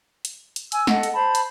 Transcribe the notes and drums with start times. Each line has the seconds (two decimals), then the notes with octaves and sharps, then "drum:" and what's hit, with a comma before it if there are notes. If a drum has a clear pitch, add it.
0.25 drum: hi-hat
0.56 drum: hi-hat
0.72 G#5 E6, drum: hi-hat
0.87 A4 D#5 F#5, drum: snare
1.03 drum: hi-hat
1.13 C5 A5 B5
1.35 drum: hi-hat